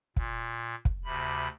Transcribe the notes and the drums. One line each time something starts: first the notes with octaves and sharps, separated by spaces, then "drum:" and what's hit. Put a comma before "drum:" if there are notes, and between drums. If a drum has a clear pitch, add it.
A#2, drum: kick
drum: kick
D2 C3 B5